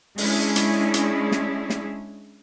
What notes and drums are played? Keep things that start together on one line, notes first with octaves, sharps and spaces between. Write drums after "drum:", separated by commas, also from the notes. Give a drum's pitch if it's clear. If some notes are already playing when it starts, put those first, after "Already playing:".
G#3 C#4 D4 E4 G#4, drum: open hi-hat
drum: hi-hat
drum: hi-hat
drum: snare
drum: snare